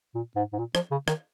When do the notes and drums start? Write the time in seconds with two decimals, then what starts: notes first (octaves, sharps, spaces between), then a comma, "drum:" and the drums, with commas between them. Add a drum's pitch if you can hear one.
0.15 A#2
0.36 G#2
0.53 G#2
0.59 A#2
0.75 F3, drum: rim click
0.91 C#3
1.08 D#3, drum: rim click